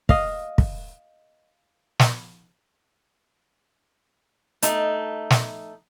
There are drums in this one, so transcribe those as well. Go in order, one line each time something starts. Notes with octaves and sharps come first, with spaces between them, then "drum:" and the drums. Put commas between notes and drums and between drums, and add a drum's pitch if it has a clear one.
D#5 F5, drum: kick
drum: kick
drum: snare
A3 D#4, drum: hi-hat
drum: snare